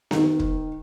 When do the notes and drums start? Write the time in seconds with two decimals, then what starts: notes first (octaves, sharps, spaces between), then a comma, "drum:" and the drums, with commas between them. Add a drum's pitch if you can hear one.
0.11 D#3, drum: snare B3
0.40 drum: kick